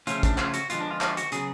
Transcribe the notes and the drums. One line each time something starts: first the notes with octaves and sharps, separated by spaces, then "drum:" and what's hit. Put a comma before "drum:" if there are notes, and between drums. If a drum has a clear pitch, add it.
C#3 F3 A3 C#4 F4, drum: hi-hat
D4, drum: kick, hi-hat
F4, drum: clap
F#4, drum: hi-hat
D3 F3 G#3 B3 F4, drum: hi-hat
D4
F4
F4, drum: clap
F#4, drum: hi-hat
C#3 F#3 B3 G#4, drum: hi-hat